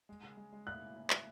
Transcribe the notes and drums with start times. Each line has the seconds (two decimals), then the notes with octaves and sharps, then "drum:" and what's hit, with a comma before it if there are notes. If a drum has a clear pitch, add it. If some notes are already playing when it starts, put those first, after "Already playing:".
0.09 G#3
0.23 C#3
0.37 G#3
0.52 G#3
0.67 E4 F#6
0.81 C#3
0.97 C#3
1.10 E4, drum: clap